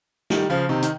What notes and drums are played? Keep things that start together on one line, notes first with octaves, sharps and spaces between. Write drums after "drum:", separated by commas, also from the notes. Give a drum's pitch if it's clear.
D#3 G3, drum: snare
C#3 F3
C3 D#3
D#3, drum: hi-hat